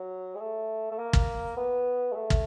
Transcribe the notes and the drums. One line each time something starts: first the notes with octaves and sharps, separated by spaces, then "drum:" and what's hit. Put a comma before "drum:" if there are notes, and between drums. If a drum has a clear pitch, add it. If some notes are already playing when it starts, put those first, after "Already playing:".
Already playing: F#3
G#3
A3
A3
A#3
drum: kick
B3
G#3
A3
drum: kick